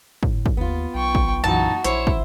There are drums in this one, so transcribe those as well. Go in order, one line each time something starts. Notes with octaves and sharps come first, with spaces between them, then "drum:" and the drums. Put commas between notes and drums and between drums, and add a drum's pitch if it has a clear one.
A2, drum: kick
drum: kick
D#2 B3 F4
B1 G5 C#6
drum: kick
F#2 A#2 E3 D#4 F#4 A5
A#1 E4 C5 C#5 E5, drum: hi-hat
drum: kick